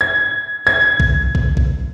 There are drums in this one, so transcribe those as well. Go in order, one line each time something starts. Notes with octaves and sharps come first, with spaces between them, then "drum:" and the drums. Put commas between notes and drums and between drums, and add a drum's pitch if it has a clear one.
G#6
G#6
drum: kick
drum: kick
drum: kick